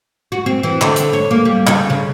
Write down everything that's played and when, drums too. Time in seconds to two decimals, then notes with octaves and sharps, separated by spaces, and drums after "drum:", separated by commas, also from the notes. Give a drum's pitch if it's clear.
0.32 F#4
0.46 C4
0.63 E3
0.81 D3, drum: clap
0.96 drum: hi-hat
1.13 C#5
1.31 A#3
1.45 G3
1.67 C#3, drum: clap
1.90 C#3